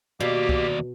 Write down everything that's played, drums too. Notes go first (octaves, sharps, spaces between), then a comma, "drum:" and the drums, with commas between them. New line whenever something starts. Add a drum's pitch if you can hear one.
D#2 B2 A#3 G4 D5
drum: kick